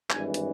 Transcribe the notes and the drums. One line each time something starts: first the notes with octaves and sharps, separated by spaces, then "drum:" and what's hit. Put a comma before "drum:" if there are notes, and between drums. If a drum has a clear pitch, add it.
G#1 G2 E3 G#5, drum: clap
drum: hi-hat